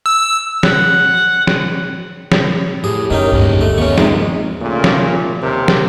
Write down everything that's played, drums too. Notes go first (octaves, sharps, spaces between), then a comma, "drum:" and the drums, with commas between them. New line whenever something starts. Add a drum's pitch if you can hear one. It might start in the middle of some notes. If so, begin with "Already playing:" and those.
E6
F#5, drum: snare
drum: snare
drum: snare
A2 G4 G#4
F#2 D#3 C#4 D#4
D2 G2 A#3 G#4
A3
D#2 B3 C#4 G#4 C#6
A#1 C3 G#3 C4 D#4, drum: snare
D#2 A#2 C#3 A3
drum: snare
D#2 C3 G4 A#4
drum: snare